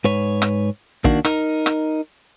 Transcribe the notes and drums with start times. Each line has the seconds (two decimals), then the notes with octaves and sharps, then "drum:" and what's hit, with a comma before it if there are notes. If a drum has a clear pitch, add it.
0.04 G#2 B4 C#5
0.42 drum: rim click
1.04 D#3 A#3 D4 F#4, drum: kick
1.25 D#4 A#4, drum: rim click
1.66 drum: rim click